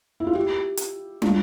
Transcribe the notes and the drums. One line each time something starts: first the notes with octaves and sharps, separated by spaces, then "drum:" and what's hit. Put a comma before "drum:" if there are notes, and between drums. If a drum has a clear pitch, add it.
E4
F4
E4 G4
drum: hi-hat
D4 F4, drum: tom